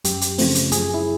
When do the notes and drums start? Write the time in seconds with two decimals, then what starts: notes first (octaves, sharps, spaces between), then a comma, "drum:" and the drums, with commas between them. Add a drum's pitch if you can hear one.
0.04 F#2 G4, drum: hi-hat
0.21 drum: hi-hat
0.38 C#3 F3 A3 C4, drum: open hi-hat
0.55 drum: hi-hat
0.72 F#2 G#4, drum: hi-hat
0.94 E4